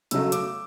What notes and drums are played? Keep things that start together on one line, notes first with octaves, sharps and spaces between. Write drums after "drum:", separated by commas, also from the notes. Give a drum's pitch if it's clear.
C#3 F#3 A3 E6, drum: hi-hat
D6, drum: hi-hat